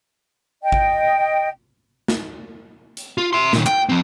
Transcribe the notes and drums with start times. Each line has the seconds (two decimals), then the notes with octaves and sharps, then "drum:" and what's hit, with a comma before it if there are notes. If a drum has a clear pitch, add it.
0.63 D#5 G5
0.72 drum: kick
2.08 drum: snare
2.97 drum: hi-hat
3.18 F4
3.33 E5 C6
3.53 A#2 D#3, drum: snare
3.66 G5, drum: clap
3.89 F3 C4